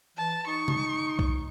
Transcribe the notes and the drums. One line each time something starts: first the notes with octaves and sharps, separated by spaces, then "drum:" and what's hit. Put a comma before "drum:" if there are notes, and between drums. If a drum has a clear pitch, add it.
E3 A5
D#4 C#6
drum: tom C3
drum: kick B1